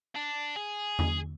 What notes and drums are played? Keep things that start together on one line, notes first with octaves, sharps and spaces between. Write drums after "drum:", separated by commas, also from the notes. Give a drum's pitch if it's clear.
D4
G#4
drum: tom E2